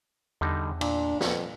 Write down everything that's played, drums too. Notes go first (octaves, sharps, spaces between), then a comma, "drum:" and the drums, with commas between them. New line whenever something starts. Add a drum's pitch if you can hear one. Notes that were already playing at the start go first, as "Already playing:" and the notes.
E2 D3 G3 D#4
A#2 D4, drum: cymbal
F2, drum: snare